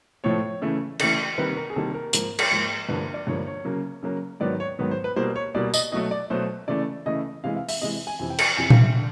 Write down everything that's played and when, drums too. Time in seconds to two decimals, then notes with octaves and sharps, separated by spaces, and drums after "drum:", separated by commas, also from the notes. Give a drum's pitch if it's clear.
0.24 A2 F3 A3 C#5
0.62 C#3 E3 A3
0.99 C#3 E3 A3, drum: cymbal
1.38 C3 D#3 G3 A#3 B4
1.56 A#4
1.70 G#4
1.76 C3 D#3 G3 A#3 A4
1.94 A#4
2.13 G#2 F3 A#3, drum: hi-hat
2.39 drum: cymbal
2.51 G#2 F3 A#3
2.89 G2 D3 F3 A#3 B4
3.14 D5
3.27 G2 D3 F3 A#3 C#5
3.47 C#5
3.65 C#3 F#3 A#3
4.03 C#3 F#3 A#3
4.40 G#2 D#3 F#3 B3 D5
4.60 C#5
4.79 G#2 D#3 F#3 B3
4.91 C5
5.04 B4
5.16 B2 G3 A#3 C5
5.36 C#5
5.54 B2 G3 A#3 D5
5.74 D#5, drum: tambourine
5.92 B2 F#3 A3 D#5
6.11 D5
6.30 B2 F#3 A3 C5
6.68 C#3 E3 A3 D5
7.06 C#3 E3 A3 D#5
7.44 C3 E3 G#3 F5
7.57 F5
7.69 E5, drum: open hi-hat
7.81 C3 E3 G#3 D#5
8.07 G#5
8.19 F2 C3 E3 G#5
8.30 G5
8.38 G#5, drum: cymbal
8.57 F2 C3 E3 G#5
8.70 F5, drum: tom A#2
8.82 E5
8.96 D3